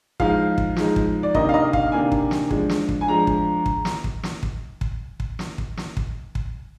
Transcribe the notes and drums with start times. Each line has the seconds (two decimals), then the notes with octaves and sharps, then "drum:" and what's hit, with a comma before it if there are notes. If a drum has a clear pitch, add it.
0.20 F3 G#3 D#4 F5, drum: kick
0.58 drum: kick
0.76 F3 G#3 D#4, drum: snare
0.96 drum: kick
1.23 D5
1.35 C3 D#3 A#3 D4 D#5, drum: kick
1.49 F5
1.54 D#5
1.73 F5, drum: kick
1.92 C3 D#3 A#3 D4 G#5
2.12 drum: kick
2.31 drum: snare
2.51 F3 G#3 D4, drum: kick
2.69 drum: snare
2.89 drum: kick
3.01 G#5
3.08 F3 G#3 D4 A#5
3.27 drum: kick
3.66 drum: kick
3.85 drum: snare
4.04 drum: kick
4.23 drum: snare
4.43 drum: kick
4.81 drum: kick
5.20 drum: kick
5.39 drum: snare
5.58 drum: kick
5.77 drum: snare
5.97 drum: kick
6.35 drum: kick